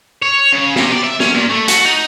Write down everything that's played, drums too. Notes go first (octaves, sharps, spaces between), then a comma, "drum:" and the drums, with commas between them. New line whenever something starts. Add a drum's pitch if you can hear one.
C#5
C#3
C3, drum: snare
D5
E5
C#4, drum: snare
A#2
A3
F#4, drum: hi-hat
D#4